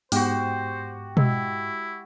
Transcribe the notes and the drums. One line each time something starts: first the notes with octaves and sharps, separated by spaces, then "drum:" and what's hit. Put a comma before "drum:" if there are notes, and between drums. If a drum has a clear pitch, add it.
G#2 B3 F#4 G4 C5, drum: open hi-hat
G#3 E4, drum: tom B2